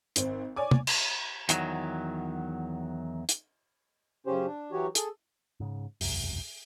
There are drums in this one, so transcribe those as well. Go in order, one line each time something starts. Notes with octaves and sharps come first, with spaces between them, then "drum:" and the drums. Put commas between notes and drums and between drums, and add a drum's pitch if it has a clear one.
G#1 C4, drum: hi-hat
C#5 D5 G#5 D6
drum: tom
drum: cymbal
E2 D#3 F#3, drum: hi-hat
drum: hi-hat
F#2 C#3 C#4 G4 C5
D4
E3 F#3 F#4 G4 C#5
G#4 A4, drum: hi-hat
G#2 C#3
E1 C2 F#2, drum: open hi-hat